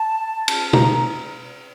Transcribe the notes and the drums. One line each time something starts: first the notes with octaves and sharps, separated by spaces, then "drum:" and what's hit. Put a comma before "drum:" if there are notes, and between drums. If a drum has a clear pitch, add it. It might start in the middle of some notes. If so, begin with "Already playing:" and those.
Already playing: A5
drum: cymbal
A#5, drum: tom